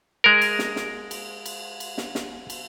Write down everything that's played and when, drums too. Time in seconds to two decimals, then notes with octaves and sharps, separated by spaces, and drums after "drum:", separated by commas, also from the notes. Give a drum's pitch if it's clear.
0.24 G#3 A#4
0.41 drum: cymbal
0.59 drum: snare
0.76 drum: snare
1.11 drum: cymbal
1.46 drum: cymbal
1.80 drum: cymbal
1.98 drum: snare
2.15 drum: snare
2.50 drum: cymbal